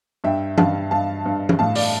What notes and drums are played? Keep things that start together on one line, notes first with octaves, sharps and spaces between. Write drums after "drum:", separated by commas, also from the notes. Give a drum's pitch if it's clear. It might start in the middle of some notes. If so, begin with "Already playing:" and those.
G2 E5 G5
G2 F5 A5, drum: tom E3
G2 F5 A5
G2
drum: tom E3
A2 F5 A5
D5 F5, drum: open hi-hat